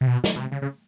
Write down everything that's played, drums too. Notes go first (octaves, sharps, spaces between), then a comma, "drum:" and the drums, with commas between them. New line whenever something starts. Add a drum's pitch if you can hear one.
C3
B2
drum: snare
B2
C3
C#3
C#3